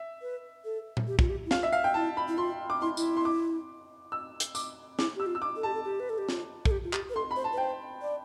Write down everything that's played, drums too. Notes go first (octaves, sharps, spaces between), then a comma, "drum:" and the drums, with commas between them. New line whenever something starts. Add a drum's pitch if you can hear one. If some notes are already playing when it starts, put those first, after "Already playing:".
Already playing: E5
B4
A4
drum: tom A#2
G4
F4, drum: kick
G4
E4
F4 F5, drum: snare
E5
F5
G5
E4 A5
B5
E4
F4 C6
D6
E4 C6
E4, drum: tambourine
C6
D6
E6
drum: hi-hat
D6, drum: tambourine
E4 D6, drum: snare
G4 E6
F4
E6
D6
A4
G4 A5
A4
G4
B4
A4
G4
F4, drum: snare
A4, drum: kick
G4
F4
G4, drum: clap
B4
A4 C6
B5
C5
A5
B4
C5 G5
D5